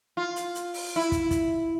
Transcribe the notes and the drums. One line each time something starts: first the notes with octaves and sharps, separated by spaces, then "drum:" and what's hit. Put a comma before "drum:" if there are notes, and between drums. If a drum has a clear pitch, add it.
F4
drum: hi-hat
drum: hi-hat
drum: open hi-hat
E4
drum: kick, hi-hat
drum: kick, hi-hat